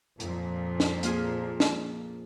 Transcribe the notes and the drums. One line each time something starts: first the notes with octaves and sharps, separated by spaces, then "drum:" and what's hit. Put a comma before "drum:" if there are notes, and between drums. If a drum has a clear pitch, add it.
F2 A#2 F3, drum: hi-hat
drum: snare
A#3 F4 G#4, drum: hi-hat
drum: snare